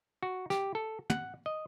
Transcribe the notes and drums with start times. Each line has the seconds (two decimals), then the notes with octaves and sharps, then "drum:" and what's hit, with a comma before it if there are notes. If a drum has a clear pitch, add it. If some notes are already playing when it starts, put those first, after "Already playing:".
0.23 F#4
0.50 G4, drum: snare
0.75 A4
1.10 F#5, drum: tom
1.46 D#5